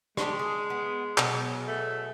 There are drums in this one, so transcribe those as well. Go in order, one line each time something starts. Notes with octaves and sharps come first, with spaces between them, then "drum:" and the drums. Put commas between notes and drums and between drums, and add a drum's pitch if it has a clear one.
G#3 D4 G4, drum: rim click
G#4
B3
B2 F#3 G#4, drum: clap
A3